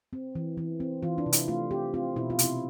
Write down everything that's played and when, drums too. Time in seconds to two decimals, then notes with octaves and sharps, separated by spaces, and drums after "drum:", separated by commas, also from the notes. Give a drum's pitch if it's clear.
0.13 C4
0.35 E3
0.58 E3
0.80 C4
1.03 E3 F4
1.18 D4
1.26 C3
1.33 E4, drum: hi-hat
1.48 A3 F4
1.71 C4 G4
1.94 C4 F4
2.16 B2 E4
2.30 F4
2.39 C3, drum: hi-hat
2.44 E4